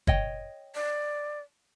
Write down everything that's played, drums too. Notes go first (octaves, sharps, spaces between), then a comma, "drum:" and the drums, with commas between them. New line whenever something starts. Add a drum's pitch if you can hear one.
C#5 D#5 G5, drum: kick
D5